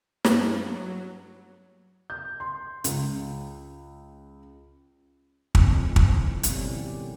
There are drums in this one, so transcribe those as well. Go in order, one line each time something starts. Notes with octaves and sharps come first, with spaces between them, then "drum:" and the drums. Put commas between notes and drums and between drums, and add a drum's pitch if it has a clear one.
G2, drum: snare
F#3
G6
C6
C#2, drum: hi-hat
C#3 F3 A3 C4 C#4 D#4, drum: kick
drum: kick
E4 C5
B2 G3 A3 C4 C#4 E4, drum: hi-hat
D#3 G4